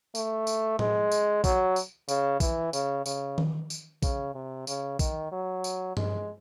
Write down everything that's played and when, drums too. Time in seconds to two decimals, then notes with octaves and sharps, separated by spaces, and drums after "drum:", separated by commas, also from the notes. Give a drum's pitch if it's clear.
0.15 A3, drum: tambourine
0.47 drum: tambourine
0.79 G#3, drum: tom A2
1.12 drum: tambourine
1.44 F#3, drum: kick A#1, tambourine
1.76 drum: tambourine
2.09 C#3, drum: tambourine
2.40 E3, drum: kick A#1, tambourine
2.73 C#3, drum: tambourine
3.06 C#3, drum: tambourine
3.38 drum: tom D#3
3.70 drum: tambourine
4.03 C#3, drum: kick A#1, tambourine
4.34 C3
4.67 C#3, drum: tambourine
4.99 D#3, drum: kick A#1, tambourine
5.32 F#3
5.64 drum: tambourine
5.97 G#3, drum: tom G2